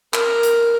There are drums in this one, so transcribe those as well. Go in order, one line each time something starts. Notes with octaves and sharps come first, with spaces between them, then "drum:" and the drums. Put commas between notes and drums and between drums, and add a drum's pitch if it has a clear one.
A#4, drum: clap
drum: hi-hat